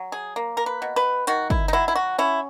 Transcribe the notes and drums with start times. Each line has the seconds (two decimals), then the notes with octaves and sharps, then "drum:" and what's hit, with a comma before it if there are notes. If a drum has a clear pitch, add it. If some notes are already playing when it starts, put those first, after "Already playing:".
Already playing: F#3
0.12 G#4
0.36 A#3
0.57 A#4
0.66 B4
0.82 B2
0.96 B4
1.27 D#3 F#4, drum: hi-hat
1.50 E4, drum: kick
1.68 D#4
1.73 F#3 E4
1.88 E4
1.95 F#4
2.18 C#4 E4